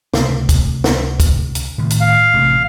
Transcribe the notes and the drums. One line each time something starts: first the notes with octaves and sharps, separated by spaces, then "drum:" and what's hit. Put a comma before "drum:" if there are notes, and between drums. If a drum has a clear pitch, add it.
C#2 C3 A3, drum: snare
drum: kick, hi-hat
drum: snare
drum: kick, hi-hat
drum: hi-hat
A2 D#3
drum: hi-hat
F5
A1 C3 A3